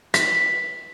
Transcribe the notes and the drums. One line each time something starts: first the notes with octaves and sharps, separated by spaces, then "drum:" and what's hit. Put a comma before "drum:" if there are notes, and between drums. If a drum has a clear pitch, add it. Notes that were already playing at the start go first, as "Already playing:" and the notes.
B6, drum: hi-hat